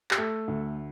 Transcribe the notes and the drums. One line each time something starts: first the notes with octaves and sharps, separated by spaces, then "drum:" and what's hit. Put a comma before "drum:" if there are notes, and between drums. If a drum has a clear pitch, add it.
G4, drum: clap
A3 A4
D2